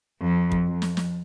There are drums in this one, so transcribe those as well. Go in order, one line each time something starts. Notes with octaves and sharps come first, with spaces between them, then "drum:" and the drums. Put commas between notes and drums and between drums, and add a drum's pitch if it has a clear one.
F2
drum: kick
F2
drum: snare
drum: snare